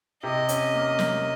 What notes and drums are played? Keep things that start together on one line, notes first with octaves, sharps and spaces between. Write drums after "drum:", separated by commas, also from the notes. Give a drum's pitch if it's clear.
C3 D#5
C#4, drum: hi-hat
A#3
A#3, drum: snare